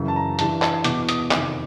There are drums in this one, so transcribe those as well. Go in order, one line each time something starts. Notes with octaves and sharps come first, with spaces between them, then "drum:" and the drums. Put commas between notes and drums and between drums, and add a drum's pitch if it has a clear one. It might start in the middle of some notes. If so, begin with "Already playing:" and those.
Already playing: F#2 C#3 E3
A5
A#5
G2 E3 A5, drum: hi-hat
A5, drum: clap
E2 B2 D6, drum: hi-hat
D#6, drum: hi-hat
F2 C3 D#3 D6, drum: clap